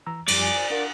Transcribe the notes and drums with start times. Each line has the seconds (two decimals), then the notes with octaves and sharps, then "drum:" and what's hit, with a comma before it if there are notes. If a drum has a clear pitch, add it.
0.06 E3 A#5 E6
0.28 F#2 F3 G3 D5, drum: cymbal
0.41 G#5
0.56 C5
0.70 D4 A#4 F5 F#5